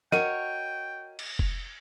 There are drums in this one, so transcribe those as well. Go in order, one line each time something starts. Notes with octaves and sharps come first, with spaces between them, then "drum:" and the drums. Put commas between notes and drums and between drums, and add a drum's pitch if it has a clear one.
F#4 A#4 C#5 D#5 G5 D#7, drum: snare
drum: cymbal
drum: kick F1